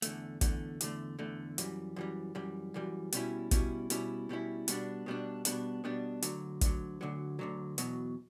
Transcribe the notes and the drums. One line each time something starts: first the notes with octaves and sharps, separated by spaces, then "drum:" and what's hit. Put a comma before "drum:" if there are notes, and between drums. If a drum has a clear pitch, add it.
E2 D3 A3, drum: hi-hat
E2 D3 A3, drum: kick, hi-hat
E2 D3 A3, drum: hi-hat
E2 D3 A3
F#2 E3 G3, drum: hi-hat
F#2 E3 G3
F#2 E3 G3
F#2 E3 G3
B2 G3 C#4 E4, drum: hi-hat
B2 G3 C#4 E4, drum: kick, hi-hat
B2 G3 C#4 E4, drum: hi-hat
B2 G3 C#4 E4
B2 G3 B3 D4, drum: hi-hat
B2 G3 B3 D4
B2 G3 B3 D4, drum: hi-hat
B2 G3 B3 D4
D2 D3 F#3, drum: hi-hat
D2 D3 F#3, drum: kick, hi-hat
D2 D3 F#3
D2 D3 F#3
E2 B2 F#3, drum: hi-hat